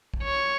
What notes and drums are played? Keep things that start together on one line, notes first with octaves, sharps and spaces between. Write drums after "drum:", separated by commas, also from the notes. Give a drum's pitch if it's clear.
drum: kick
C#5